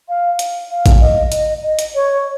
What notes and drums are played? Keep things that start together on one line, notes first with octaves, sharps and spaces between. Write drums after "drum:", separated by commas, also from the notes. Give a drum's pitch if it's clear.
F5
drum: hi-hat
F5
drum: kick A1, hi-hat
D#5
D#5, drum: hi-hat
D#5
drum: hi-hat
C#5